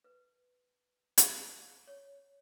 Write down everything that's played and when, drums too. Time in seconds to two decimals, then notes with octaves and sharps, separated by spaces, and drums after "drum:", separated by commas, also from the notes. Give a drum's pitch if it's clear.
0.04 B4
1.18 drum: hi-hat
1.87 C#5